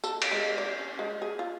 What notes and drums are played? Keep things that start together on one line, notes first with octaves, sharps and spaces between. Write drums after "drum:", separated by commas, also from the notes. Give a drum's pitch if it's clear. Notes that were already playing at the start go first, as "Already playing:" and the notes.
A4, drum: tambourine
drum: cymbal
G#3
D5
C#4
G#3
G#4
F4